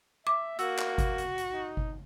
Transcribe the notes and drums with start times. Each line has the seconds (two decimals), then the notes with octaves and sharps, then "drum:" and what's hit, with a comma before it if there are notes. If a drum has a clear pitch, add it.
0.27 E5 D6
0.59 A#3 F#4 E6, drum: hi-hat
0.79 drum: clap
0.98 drum: kick G1, hi-hat
1.18 drum: hi-hat
1.38 drum: hi-hat
1.51 D#4
1.77 drum: kick G1